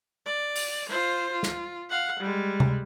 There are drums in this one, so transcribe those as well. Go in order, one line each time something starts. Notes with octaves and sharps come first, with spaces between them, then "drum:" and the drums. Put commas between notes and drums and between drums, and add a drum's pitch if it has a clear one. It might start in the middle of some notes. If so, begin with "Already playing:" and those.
D5
drum: open hi-hat
F4 C5
F4
drum: snare
F5 F#5
G3 G#3
drum: tom C3